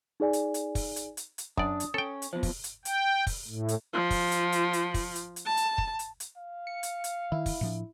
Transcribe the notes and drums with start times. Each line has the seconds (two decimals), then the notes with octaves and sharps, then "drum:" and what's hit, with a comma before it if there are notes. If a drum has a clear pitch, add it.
0.20 D#4 G#4 D5 G#5
0.33 drum: hi-hat
0.54 drum: hi-hat
0.75 drum: kick, open hi-hat
0.96 drum: hi-hat
1.17 drum: hi-hat
1.38 drum: hi-hat
1.57 F#2 D4 D5 D#6, drum: kick
1.80 drum: hi-hat
1.94 C#4 A4 G5
2.22 drum: hi-hat
2.33 E2 F3 C5
2.43 drum: kick, open hi-hat
2.64 drum: hi-hat
2.85 G5, drum: hi-hat
3.27 drum: kick, open hi-hat
3.48 A2
3.69 drum: hi-hat
3.93 F3
4.10 drum: kick, open hi-hat
4.31 drum: hi-hat
4.52 drum: hi-hat
4.73 drum: hi-hat
4.94 drum: kick, open hi-hat
5.15 drum: hi-hat
5.36 drum: hi-hat
5.46 A5
5.57 drum: hi-hat
5.78 drum: kick
5.99 drum: hi-hat
6.20 drum: hi-hat
6.36 F5
6.67 C#7
6.83 drum: hi-hat
7.04 drum: hi-hat
7.32 D#3 E4
7.46 drum: kick, open hi-hat
7.61 A2 F3 D4